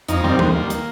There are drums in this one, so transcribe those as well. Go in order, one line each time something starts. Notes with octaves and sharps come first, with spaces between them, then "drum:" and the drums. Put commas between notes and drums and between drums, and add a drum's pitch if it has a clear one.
F2 D#4, drum: hi-hat
D#3 G3 C4
D#2 A#3, drum: tom E3
D#3 G3
drum: hi-hat